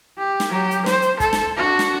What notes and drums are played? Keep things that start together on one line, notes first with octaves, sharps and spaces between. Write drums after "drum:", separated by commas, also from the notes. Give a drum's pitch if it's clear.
G4
drum: snare
F#3 G4
drum: hi-hat
C5, drum: snare
drum: hi-hat
A4, drum: kick, hi-hat
drum: snare
D4 F#4
drum: snare